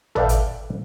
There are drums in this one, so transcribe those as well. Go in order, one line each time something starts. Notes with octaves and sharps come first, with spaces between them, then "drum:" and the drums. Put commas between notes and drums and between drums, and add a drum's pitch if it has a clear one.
A4 B4 D5 E5 F5 G5, drum: tom G#1
drum: hi-hat